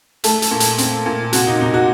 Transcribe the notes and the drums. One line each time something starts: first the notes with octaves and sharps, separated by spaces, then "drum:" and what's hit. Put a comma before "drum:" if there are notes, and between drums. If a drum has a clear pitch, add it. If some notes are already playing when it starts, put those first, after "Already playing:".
A3 A4, drum: hi-hat
drum: hi-hat
A#2
drum: hi-hat
C4, drum: hi-hat
A#2
C3 F#4, drum: hi-hat
D#4
C3 D#4
F#4